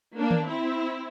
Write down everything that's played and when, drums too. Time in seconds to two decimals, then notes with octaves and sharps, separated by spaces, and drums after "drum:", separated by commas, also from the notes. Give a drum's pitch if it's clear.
0.18 A#3 D4
0.31 drum: tom D#3
0.46 C4 E4